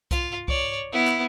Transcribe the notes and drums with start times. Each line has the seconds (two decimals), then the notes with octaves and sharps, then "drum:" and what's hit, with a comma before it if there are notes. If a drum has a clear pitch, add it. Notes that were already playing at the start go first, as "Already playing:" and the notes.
0.11 F4, drum: kick C2, hi-hat
0.48 C#5 D5, drum: kick C2
0.92 B3 E4
1.07 drum: clap